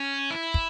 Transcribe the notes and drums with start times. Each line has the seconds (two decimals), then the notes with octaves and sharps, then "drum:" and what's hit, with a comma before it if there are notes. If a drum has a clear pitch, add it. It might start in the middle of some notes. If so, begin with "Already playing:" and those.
Already playing: C#4
0.31 E4
0.54 drum: kick